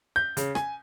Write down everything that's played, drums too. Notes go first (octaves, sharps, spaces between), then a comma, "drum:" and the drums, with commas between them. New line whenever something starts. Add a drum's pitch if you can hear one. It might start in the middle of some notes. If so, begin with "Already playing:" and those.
G6
C#3, drum: hi-hat
G#5, drum: rim click